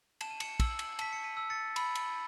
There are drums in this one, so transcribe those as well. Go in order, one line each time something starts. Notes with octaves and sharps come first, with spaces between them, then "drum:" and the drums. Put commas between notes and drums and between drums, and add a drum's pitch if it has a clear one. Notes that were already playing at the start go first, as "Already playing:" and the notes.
A5 E7, drum: cymbal
D#7
C#7 E7, drum: cymbal
E6, drum: kick, cymbal
drum: cymbal
A5 B6, drum: cymbal
C#7
B6 D#7
E6
A6 C#7
B5, drum: cymbal
drum: cymbal